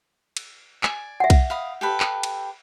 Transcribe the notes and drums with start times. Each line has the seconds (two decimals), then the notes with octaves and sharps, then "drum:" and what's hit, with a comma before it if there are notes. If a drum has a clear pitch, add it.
0.37 drum: cymbal
0.83 D5 G#5, drum: clap
1.20 E5 F#5
1.30 drum: kick B1, cymbal
1.50 F5 B5 D#6
1.81 G4 A4 B4
2.00 drum: clap
2.23 drum: cymbal